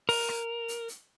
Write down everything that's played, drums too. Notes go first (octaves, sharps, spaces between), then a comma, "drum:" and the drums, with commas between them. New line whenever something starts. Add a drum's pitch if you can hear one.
A#4, drum: open hi-hat
drum: rim click
drum: hi-hat
drum: hi-hat